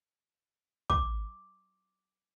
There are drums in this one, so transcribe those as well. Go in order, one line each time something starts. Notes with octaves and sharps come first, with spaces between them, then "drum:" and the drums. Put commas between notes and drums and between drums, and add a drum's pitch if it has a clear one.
D6, drum: kick